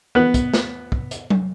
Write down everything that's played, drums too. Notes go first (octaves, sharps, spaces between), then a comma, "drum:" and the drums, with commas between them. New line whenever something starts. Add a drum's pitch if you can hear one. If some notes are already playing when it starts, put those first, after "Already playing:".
B3 F#6
drum: kick, hi-hat
drum: snare
drum: kick
drum: hi-hat
drum: tom F#3